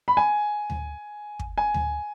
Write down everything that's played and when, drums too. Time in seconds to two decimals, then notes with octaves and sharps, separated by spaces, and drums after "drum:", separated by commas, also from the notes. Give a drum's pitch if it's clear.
0.08 B5
0.17 G#5
0.70 drum: tom D2
1.39 drum: kick
1.58 G#5
1.74 drum: tom D2